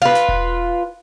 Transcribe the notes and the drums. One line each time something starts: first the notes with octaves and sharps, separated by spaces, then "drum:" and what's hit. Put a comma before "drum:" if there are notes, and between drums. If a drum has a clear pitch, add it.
F4 B4
drum: snare
drum: kick E1